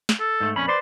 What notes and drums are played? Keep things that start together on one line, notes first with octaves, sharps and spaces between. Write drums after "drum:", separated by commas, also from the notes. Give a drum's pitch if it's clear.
drum: snare
A4
G#2 A3
F2 A#2 C#4 B5
B4 C5 D5 C6